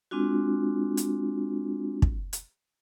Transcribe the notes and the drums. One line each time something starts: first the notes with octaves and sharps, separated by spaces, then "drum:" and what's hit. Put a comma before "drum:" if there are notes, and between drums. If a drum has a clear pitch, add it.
G#3 C4 D4 F4 F#4
drum: hi-hat
drum: kick
drum: hi-hat